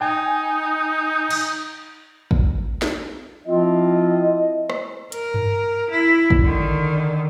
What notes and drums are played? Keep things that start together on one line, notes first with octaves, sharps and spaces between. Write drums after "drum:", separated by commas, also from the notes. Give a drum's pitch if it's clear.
D#4 G5 G#5
drum: cymbal
drum: kick
drum: snare
F3 C4 E4 F4 D#5
drum: rim click
A#4, drum: hi-hat
drum: tom G2
E4
drum: kick
D3 D#3